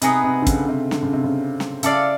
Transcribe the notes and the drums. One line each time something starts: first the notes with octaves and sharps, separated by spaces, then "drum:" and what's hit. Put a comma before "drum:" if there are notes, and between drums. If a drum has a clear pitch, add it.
C3 B3 D#4 G#4 B4, drum: hi-hat
C3
D3
C#3, drum: kick, hi-hat
C3
D3, drum: snare
C#3
C3
C#3
drum: snare
C#3 E4 A4 D5 F5, drum: hi-hat